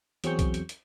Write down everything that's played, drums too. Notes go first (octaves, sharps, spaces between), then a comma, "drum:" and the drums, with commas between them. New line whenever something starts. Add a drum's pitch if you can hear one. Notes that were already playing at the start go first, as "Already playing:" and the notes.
E2 F#3 C4 G#4 C#6 G6, drum: hi-hat
drum: kick B1, hi-hat
drum: hi-hat
drum: hi-hat